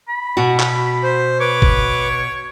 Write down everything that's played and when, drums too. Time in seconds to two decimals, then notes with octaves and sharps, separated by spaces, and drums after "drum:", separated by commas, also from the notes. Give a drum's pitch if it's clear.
0.08 B5
0.37 B2 F#4
0.60 drum: clap
1.03 C5
1.40 B4 C#5 D6
1.62 drum: kick